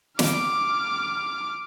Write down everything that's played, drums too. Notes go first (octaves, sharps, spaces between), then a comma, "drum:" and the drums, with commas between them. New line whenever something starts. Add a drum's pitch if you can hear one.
D6 F6, drum: snare